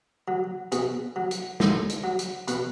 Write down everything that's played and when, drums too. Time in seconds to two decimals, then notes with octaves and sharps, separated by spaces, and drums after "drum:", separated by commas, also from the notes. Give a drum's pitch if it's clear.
0.28 F#3
0.72 B2 G#4, drum: hi-hat
1.16 F#3
1.31 drum: hi-hat
1.60 A2, drum: snare
1.89 drum: hi-hat
2.04 F#3
2.19 drum: hi-hat
2.48 B2 B4, drum: hi-hat